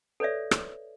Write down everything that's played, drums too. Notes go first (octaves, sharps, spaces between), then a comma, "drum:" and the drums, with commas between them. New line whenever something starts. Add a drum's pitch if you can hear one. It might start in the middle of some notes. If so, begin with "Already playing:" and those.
A4 B4 C#5 D5 E5
drum: rim click